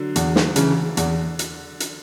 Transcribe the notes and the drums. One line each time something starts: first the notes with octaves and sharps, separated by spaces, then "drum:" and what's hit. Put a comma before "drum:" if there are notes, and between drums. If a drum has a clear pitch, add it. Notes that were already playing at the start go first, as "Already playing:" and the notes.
Already playing: D3 F#3
E2, drum: hi-hat
drum: snare
C#3 E3, drum: hi-hat
E2, drum: hi-hat
drum: hi-hat
drum: hi-hat